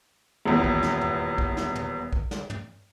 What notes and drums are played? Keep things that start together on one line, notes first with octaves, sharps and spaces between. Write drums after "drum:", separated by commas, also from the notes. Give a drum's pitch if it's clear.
D#1 E2
drum: kick A#1
drum: snare
drum: tom
drum: kick A#1
drum: snare
drum: tom
drum: kick A#1
drum: snare
drum: tom